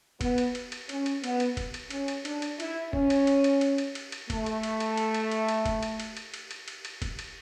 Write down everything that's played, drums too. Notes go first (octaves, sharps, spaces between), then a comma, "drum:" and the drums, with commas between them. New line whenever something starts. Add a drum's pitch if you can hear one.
B3, drum: kick, cymbal
drum: cymbal
drum: cymbal
drum: cymbal
C#4, drum: cymbal
drum: cymbal
B3, drum: cymbal
drum: cymbal
drum: kick, cymbal
drum: cymbal
C#4, drum: cymbal
drum: cymbal
D4, drum: cymbal
drum: cymbal
E4, drum: cymbal
C#4, drum: kick
drum: cymbal
drum: cymbal
drum: cymbal
drum: cymbal
drum: cymbal
drum: cymbal
drum: cymbal
A3, drum: kick, cymbal
drum: cymbal
drum: cymbal
drum: cymbal
drum: cymbal
drum: cymbal
drum: cymbal
drum: cymbal
drum: kick, cymbal
drum: cymbal
drum: cymbal
drum: cymbal
drum: cymbal
drum: cymbal
drum: cymbal
drum: cymbal
drum: kick, cymbal
drum: cymbal